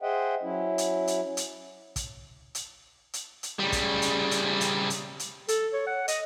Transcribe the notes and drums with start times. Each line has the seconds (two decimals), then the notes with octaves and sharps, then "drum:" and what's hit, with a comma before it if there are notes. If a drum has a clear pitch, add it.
0.02 G#4 C5 D#5 E5 F#5 G5
0.42 F#3 C#4 E4
0.78 drum: hi-hat
1.07 drum: hi-hat
1.37 drum: hi-hat
1.96 drum: kick, hi-hat
2.55 drum: hi-hat
3.13 drum: hi-hat
3.43 drum: hi-hat
3.59 C#3 G3
3.72 drum: kick, hi-hat
4.02 drum: hi-hat
4.31 drum: hi-hat
4.61 drum: hi-hat
4.90 drum: hi-hat
5.19 drum: hi-hat
5.48 A4, drum: hi-hat
5.73 C#5
5.87 F#5
6.08 D#5, drum: hi-hat